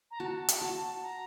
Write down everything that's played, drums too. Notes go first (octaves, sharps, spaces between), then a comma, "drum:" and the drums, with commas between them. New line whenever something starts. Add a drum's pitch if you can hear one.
A#5
F#4 A5
drum: hi-hat
F#4
A#5